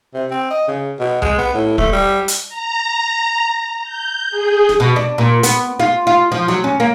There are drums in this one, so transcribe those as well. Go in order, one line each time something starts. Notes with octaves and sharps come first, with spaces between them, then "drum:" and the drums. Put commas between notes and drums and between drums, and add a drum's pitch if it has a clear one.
C3
C4
D#5
C#3
B2
G#3, drum: tom C2
B3
A2
A3, drum: kick
G3
drum: hi-hat
A#5
G6
G#4
drum: snare
B2
D4
A#2
B3, drum: hi-hat
F4
F4
F3
F#3
C#4
A#3